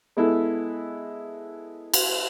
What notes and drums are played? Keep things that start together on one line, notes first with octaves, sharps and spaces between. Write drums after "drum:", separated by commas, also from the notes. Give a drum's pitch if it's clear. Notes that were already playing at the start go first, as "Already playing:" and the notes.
G#3 B3 E4 A4
drum: cymbal